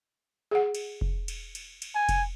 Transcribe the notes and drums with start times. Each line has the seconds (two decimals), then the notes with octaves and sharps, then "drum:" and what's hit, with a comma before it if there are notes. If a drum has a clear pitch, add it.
0.51 G#4 F#5
0.75 drum: cymbal
1.01 drum: kick F1
1.28 drum: cymbal
1.55 drum: cymbal
1.82 drum: cymbal
1.95 G#5
2.09 drum: kick F1, cymbal